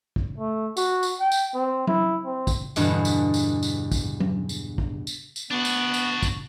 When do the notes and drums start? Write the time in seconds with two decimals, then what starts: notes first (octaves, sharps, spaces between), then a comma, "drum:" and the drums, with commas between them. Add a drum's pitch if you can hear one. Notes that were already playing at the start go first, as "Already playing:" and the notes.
0.16 drum: kick
0.38 A3
0.77 F#4, drum: tambourine
1.03 drum: tambourine
1.20 G5
1.32 drum: tambourine
1.54 C4
1.87 E4, drum: tom F#3
2.25 C4
2.47 drum: kick, tambourine
2.76 E2 G2 B2 D3 G#4, drum: tambourine
3.05 drum: tambourine
3.34 drum: tambourine
3.63 drum: tambourine
3.92 drum: kick, tambourine
4.20 drum: tom F#3
4.49 drum: tambourine
4.78 drum: kick
5.07 drum: tambourine
5.36 drum: tambourine
5.51 B3 D4 F#4
5.65 drum: tambourine
5.94 drum: tambourine
6.23 drum: kick, tambourine